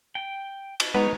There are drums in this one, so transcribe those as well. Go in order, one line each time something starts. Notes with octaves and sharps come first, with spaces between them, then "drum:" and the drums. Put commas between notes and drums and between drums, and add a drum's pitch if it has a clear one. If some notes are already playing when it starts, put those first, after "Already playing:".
G5
drum: cymbal
G#3 B3 D#4 B4 C#5